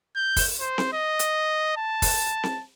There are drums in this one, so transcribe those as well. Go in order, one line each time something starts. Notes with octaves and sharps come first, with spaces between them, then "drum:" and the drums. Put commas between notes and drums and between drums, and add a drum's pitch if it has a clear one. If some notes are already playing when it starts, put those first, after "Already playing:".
G6
drum: kick, open hi-hat
C5
drum: snare C4
D#5
drum: hi-hat
A5
drum: kick, open hi-hat
drum: snare C4